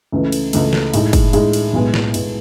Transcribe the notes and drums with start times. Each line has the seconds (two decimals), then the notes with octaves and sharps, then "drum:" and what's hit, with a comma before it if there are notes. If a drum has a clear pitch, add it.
0.12 C#2 C#3 E3 A3
0.32 drum: cymbal
0.53 C#2 C#3 E3 A3, drum: cymbal
0.73 drum: snare
0.94 A2 G#3 D#4 G#4, drum: cymbal
1.13 drum: kick, cymbal
1.33 A2 G#3 D#4 G#4, drum: cymbal
1.53 drum: cymbal
1.73 B1 A2 G#3 B3 E4
1.94 drum: snare
2.14 A2 G#3 B3 E4, drum: cymbal